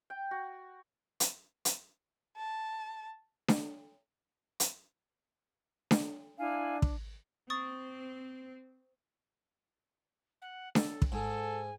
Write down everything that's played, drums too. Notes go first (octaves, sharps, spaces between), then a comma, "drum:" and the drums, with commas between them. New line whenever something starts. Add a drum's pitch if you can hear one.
G5
F#4
drum: hi-hat
drum: hi-hat
A5
drum: snare D4
drum: hi-hat
drum: snare D4
D4 E4 F5 G#5
drum: kick
C4 C#6 D#6 A6
F#5
A4, drum: snare D4
drum: kick
G#2 A4 G#5